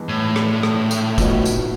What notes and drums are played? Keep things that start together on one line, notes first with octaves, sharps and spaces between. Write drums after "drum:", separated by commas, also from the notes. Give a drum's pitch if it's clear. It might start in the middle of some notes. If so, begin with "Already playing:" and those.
Already playing: G2 E3 G#3 B3 D#4
A2
drum: rim click
drum: rim click
drum: tambourine
C2 A#2 F#3 B3 D#4, drum: kick, tambourine
drum: tambourine